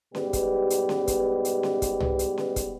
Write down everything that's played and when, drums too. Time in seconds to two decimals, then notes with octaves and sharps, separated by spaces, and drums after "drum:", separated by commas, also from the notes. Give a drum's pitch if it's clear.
0.15 G#2 B2 G3 B3 G4, drum: snare C#4
0.33 drum: kick, hi-hat
0.70 drum: hi-hat
0.89 drum: snare C#4
1.07 drum: kick, hi-hat
1.45 drum: hi-hat
1.63 drum: snare C#4
1.82 drum: kick, hi-hat
2.00 drum: tom C2
2.19 drum: hi-hat
2.38 drum: snare C#4
2.56 drum: kick, hi-hat